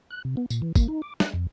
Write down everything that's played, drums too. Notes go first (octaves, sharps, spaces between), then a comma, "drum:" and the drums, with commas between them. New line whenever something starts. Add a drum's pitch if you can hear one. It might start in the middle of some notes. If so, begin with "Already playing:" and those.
F#6
C3
B3
A#2, drum: tambourine
E3
A#3, drum: kick, tambourine
D#4
D6
F#6, drum: snare
F2